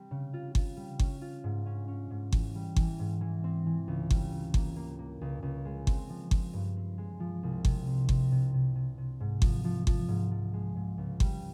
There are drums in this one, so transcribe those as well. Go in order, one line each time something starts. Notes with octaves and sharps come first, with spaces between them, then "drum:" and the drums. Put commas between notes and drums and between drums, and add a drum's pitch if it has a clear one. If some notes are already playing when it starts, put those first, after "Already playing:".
Already playing: G3 C4
C#3
F4
F4, drum: kick G1
G3
C#4, drum: kick G1
F4
G#2
C#4
C#4
G#2
E3, drum: kick G1
G3
E3, drum: kick G1
G#2
E3
C4
E3
C#2
G3, drum: kick G1
C#3
A#3, drum: kick G1
A#3
A#3
C#2
C#2
G#3
C4, drum: kick G1
F3
C4, drum: kick G1
G2
C4
G#3
F3
C2
C3, drum: kick G1
C4
C4, drum: kick G1
C3
C3
C3
C3
G#2
F3, drum: kick G1
F3
F3, drum: kick G1
G#2
F3
G#3
G#2
C#2
G3, drum: kick G1